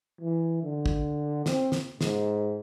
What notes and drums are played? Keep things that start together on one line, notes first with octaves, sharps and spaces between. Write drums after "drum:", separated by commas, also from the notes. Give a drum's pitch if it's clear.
E3
D3
drum: kick
C4, drum: snare
drum: snare
G#2, drum: snare